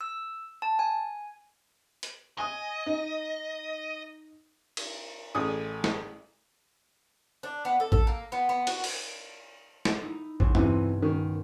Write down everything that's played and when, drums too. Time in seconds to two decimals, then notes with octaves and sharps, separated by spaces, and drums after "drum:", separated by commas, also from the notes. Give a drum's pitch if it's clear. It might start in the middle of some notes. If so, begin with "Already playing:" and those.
0.01 E6
0.62 A5
0.79 G#5
2.03 drum: hi-hat
2.38 D#5 G#5 D#6
2.86 D#4
4.77 drum: cymbal
5.35 A1 G#4 D#6
5.84 drum: snare
7.43 D4
7.65 B3
7.80 A4
7.92 A4, drum: kick A1
8.07 A#3
8.32 B3
8.49 B3
8.67 F#4, drum: cymbal
8.84 drum: open hi-hat
9.85 drum: snare
10.03 D#4 E4
10.40 B1 C#3, drum: kick A1
10.55 G2 C3 E3, drum: tom
11.02 D#3 C#4